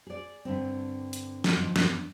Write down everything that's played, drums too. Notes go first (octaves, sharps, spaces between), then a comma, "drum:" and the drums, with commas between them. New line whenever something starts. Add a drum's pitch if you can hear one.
G#4 D5
G2 D3 C4
drum: hi-hat
drum: snare
G2 A#2 D3 D#3 F3
E2 G2, drum: snare